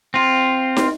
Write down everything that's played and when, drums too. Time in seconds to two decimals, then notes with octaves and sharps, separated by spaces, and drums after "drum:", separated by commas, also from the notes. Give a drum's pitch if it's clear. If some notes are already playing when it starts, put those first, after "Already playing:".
0.14 C4 F4
0.77 drum: snare